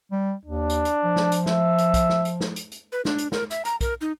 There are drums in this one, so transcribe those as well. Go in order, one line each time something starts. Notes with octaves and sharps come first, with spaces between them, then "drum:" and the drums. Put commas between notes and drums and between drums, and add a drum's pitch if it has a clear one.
G3
D#2 D4
drum: hi-hat
drum: hi-hat
F3
drum: snare
drum: hi-hat
E5, drum: snare
drum: hi-hat
drum: kick B1, hi-hat
drum: snare
drum: hi-hat
drum: snare
drum: hi-hat
drum: hi-hat
B4
D4, drum: snare
drum: hi-hat
A#4, drum: snare
E5, drum: hi-hat
A#5, drum: hi-hat
A#4, drum: kick B1, hi-hat
D#4